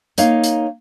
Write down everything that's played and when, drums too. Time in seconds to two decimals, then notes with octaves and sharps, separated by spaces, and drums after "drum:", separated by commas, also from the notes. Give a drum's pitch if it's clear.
0.18 A#3 D#4 C#5 F5, drum: hi-hat
0.44 drum: hi-hat